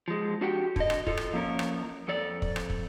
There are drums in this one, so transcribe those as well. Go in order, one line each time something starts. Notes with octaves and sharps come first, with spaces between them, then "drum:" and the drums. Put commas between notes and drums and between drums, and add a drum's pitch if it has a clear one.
F3 G#3
D4 F#4 G4 G5
D3 D#5, drum: kick
drum: rim click
F4 A4, drum: kick
drum: rim click
F3 A#3 C#4 D4 A#4
drum: rim click
F2 A4 D5
drum: kick
drum: rim click
drum: kick